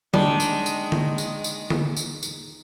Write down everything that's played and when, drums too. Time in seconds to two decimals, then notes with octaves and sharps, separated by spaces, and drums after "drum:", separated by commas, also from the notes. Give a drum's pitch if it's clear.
0.14 D#3 G3 G#3 D4, drum: tom D3
0.40 drum: tambourine
0.66 drum: tambourine
0.92 drum: tom D3
1.18 drum: tambourine
1.44 drum: tambourine
1.70 drum: tom D3
1.97 drum: tambourine
2.23 drum: tambourine